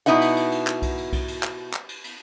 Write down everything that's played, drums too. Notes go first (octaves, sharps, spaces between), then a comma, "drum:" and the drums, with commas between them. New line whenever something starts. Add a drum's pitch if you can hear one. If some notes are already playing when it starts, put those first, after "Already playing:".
B2 C#4 D#4 E4 B4 F#5
drum: cymbal
drum: cymbal
drum: cymbal
drum: clap
drum: kick B1, cymbal
drum: cymbal
drum: kick B1, cymbal
drum: cymbal
drum: clap
drum: clap
drum: cymbal
drum: cymbal